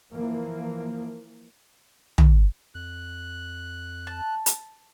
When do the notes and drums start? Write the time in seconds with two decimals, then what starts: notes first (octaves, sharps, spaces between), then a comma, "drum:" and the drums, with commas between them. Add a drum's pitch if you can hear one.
0.12 E3 F3 A#3
2.18 drum: tom
2.75 F2 F#6
4.07 A5
4.46 drum: hi-hat